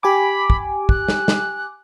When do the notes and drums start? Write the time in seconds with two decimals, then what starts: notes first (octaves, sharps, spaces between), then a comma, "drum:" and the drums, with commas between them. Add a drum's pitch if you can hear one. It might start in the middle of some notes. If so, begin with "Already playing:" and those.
0.03 G4 G#5 B5 D6
0.50 drum: kick
0.89 F#6, drum: kick
1.08 drum: snare
1.28 drum: snare